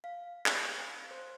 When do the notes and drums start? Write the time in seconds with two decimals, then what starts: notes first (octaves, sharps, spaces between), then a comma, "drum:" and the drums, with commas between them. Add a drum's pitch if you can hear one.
0.04 F5
0.46 drum: clap
1.11 C5